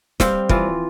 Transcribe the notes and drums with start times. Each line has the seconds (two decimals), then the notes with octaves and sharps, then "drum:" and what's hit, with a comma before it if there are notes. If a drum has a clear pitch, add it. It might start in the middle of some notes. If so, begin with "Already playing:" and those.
0.20 G3 C4 C5 F5, drum: snare
0.49 E3 F3 F4, drum: kick